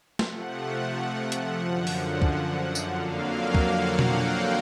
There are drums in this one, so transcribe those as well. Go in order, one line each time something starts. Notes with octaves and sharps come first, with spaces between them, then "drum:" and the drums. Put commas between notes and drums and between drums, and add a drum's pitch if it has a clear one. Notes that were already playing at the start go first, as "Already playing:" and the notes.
C3 F3 A3 F#5, drum: snare
drum: hi-hat
F#2 D3 F3
drum: open hi-hat
drum: kick
drum: tambourine
F2 D3 F#3 A#3 F5
drum: kick
F#5
G5, drum: tom B2